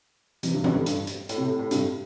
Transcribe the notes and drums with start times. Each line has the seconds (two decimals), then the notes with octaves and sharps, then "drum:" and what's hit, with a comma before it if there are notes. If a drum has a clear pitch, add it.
0.43 C3 E3, drum: hi-hat
0.54 G2 C3
0.64 G2 C3, drum: tom
0.74 A2
0.86 G2, drum: hi-hat
1.07 drum: hi-hat
1.29 A2, drum: hi-hat
1.38 C3
1.46 A2
1.59 A2
1.71 G2 C3, drum: hi-hat